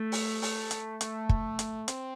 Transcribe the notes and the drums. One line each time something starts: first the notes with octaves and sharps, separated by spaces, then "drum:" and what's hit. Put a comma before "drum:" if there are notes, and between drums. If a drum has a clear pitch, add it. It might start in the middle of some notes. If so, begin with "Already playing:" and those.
Already playing: A3
drum: open hi-hat
A3, drum: open hi-hat
drum: hi-hat
A3, drum: hi-hat
drum: kick
drum: hi-hat
C4, drum: hi-hat